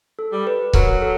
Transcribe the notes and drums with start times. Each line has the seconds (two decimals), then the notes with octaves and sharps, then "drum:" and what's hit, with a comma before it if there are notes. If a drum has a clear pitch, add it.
0.19 A4
0.32 G3
0.47 B4
0.73 F#3 A#4, drum: kick C#1
1.01 A4